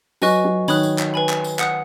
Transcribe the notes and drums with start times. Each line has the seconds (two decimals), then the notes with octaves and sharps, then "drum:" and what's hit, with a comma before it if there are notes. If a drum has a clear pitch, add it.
0.22 F#3 B4 D#5 G#5 C#6 F#6, drum: tambourine
0.44 F#3
0.68 D#3 C#5 B5 D#6 F#6, drum: tambourine
0.83 drum: tambourine
0.99 drum: clap
1.14 B4 G#5 B5
1.29 drum: clap
1.44 drum: tambourine
1.59 F#5 D#6 F#6, drum: clap